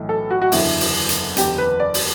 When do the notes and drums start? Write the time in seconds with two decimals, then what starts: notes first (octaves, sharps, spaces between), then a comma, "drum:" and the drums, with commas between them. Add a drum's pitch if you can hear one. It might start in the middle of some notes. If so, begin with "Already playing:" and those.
Already playing: B1 A2 E3
0.09 A4
0.31 F#4
0.42 F#4
0.52 F#1 E2 D3 E4, drum: open hi-hat
0.80 drum: open hi-hat
1.09 drum: hi-hat
1.37 F#1 E2 D3 G4, drum: hi-hat
1.58 B4
1.80 D5
1.94 drum: open hi-hat